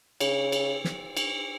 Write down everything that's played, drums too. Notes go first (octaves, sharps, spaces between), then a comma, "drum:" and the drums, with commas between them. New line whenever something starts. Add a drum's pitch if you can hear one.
C#3, drum: cymbal
drum: cymbal
drum: snare
drum: cymbal